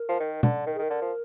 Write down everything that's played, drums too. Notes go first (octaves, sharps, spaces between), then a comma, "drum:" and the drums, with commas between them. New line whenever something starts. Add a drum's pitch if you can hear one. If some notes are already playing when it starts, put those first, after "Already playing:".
Already playing: A#4
F3
D#3
D3, drum: tom
D#3 A#4
G#4
D#3 A#4
D3
F3